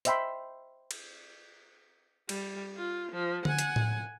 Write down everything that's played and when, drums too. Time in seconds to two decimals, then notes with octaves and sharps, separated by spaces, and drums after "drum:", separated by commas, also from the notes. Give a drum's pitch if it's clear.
0.05 C5 D#5 E5 G5 B5 C6, drum: hi-hat
0.91 drum: cymbal
2.29 G3, drum: cymbal
2.76 F4
3.12 F3
3.45 F#5 G#5, drum: tom D3
3.59 drum: hi-hat
3.76 drum: tom A2